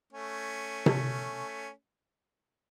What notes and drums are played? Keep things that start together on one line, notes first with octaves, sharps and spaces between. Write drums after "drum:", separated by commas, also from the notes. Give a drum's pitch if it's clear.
A3 C#4
drum: tom C3